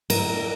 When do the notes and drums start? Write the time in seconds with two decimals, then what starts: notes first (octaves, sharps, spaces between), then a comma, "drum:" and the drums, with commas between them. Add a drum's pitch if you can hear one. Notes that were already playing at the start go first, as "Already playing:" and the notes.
0.10 A#4, drum: cymbal